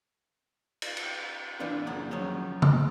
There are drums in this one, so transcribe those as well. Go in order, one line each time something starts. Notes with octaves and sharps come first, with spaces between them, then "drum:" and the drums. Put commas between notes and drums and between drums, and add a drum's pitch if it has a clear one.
drum: cymbal
drum: cymbal
E3 A#3 C4 D4 F4 B4
F#2 C#3 A#3 F#5
D#3 F3 F#3 C#4
drum: tom